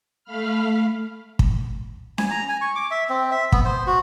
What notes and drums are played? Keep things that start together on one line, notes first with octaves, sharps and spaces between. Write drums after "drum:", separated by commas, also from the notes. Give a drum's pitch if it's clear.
A3 F5 B5 F6
drum: kick
G#5, drum: snare C#4
A#5
G#5
C#6
D6
E5
C4
E5
B3, drum: kick
C5
F#4